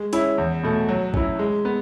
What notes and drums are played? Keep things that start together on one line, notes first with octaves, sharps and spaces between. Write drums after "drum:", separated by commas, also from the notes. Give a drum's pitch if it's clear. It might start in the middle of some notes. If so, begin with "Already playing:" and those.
Already playing: G#3
C#4 E4, drum: hi-hat
E2
B2 A3
F#3
C#4 E4, drum: kick
G#3
B3